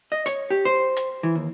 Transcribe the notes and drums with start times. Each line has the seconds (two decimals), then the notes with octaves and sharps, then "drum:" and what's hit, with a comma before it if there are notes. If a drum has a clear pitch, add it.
0.12 D#5
0.26 C#5, drum: hi-hat
0.50 G4
0.65 C5
0.96 drum: hi-hat
1.23 E3
1.35 D#2